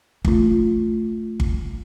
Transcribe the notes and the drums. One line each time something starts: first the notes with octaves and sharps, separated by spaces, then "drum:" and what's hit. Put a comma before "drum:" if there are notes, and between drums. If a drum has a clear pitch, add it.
A3 F4, drum: kick G1
drum: kick G1